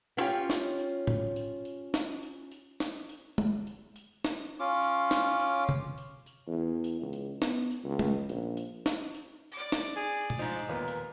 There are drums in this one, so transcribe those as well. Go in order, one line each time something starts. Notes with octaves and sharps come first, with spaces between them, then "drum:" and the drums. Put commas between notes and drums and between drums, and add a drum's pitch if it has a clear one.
B3 C#4 F4 G4 C#5 G5
drum: snare
drum: tambourine
drum: tom A2
drum: tambourine
drum: tambourine
drum: snare
drum: tambourine
drum: tambourine
drum: snare
drum: tambourine
drum: tom G#3
drum: tambourine
drum: tambourine
drum: snare
C#4 F4 D6
drum: tambourine
drum: snare
drum: tambourine
drum: tom C3
drum: tambourine
drum: tambourine
E2
drum: tambourine
C#2
drum: tambourine
B3, drum: snare
drum: tambourine
C#2
drum: tom G#3
A#1, drum: tambourine
drum: tambourine
drum: snare
drum: tambourine
D5 D6
drum: snare
G#4
drum: tom B2
G#2 F3 D#4
drum: tambourine
D#2 A#2 B3
drum: tambourine